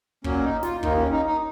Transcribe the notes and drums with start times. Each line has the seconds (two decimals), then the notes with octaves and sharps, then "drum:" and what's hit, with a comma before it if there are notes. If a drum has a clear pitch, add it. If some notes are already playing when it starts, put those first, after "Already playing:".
0.24 A#2 F#3 A#3 C#4, drum: kick
0.43 D#4
0.63 F4, drum: snare
0.83 D#2 D#3 A#3 D#4, drum: kick
0.97 C#4
1.11 D#4
1.27 D#4